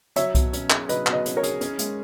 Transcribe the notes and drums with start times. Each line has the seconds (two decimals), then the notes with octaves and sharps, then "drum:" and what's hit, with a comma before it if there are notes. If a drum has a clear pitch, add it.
0.16 F#3 C#5 E5, drum: hi-hat
0.35 B2, drum: kick C2, hi-hat
0.53 C#4, drum: hi-hat
0.70 G#4, drum: clap
0.89 F#3 B4 D#5, drum: hi-hat
1.07 B2, drum: clap
1.13 B4 D#5
1.25 C#4, drum: hi-hat
1.37 A#4 C#5
1.43 G#4, drum: hi-hat
1.61 C#4, drum: hi-hat
1.78 G#3, drum: hi-hat